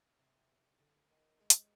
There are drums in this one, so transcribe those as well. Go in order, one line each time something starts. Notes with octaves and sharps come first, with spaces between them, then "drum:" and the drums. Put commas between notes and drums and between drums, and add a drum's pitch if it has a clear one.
C3
D3
D#3
G#3
drum: hi-hat